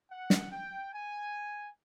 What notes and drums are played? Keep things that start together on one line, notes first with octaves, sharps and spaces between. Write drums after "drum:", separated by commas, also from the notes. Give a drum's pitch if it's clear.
F#5
drum: snare
G5
G#5